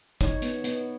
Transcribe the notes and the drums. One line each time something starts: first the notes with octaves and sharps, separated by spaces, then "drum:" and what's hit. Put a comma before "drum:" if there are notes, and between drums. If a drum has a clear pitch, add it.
D#4 C#5, drum: kick, hi-hat
B3, drum: hi-hat
B3, drum: hi-hat